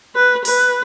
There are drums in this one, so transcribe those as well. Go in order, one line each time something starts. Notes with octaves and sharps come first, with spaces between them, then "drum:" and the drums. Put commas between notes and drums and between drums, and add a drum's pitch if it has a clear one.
B4
B4, drum: open hi-hat